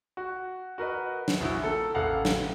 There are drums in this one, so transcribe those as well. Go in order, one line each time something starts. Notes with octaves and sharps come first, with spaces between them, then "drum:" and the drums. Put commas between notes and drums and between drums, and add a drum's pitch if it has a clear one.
F#4
F#4 A#4 B4 D#5
drum: snare
A#1 E4 F#4
A#3 A4
A1 A4 F5 F#5
drum: snare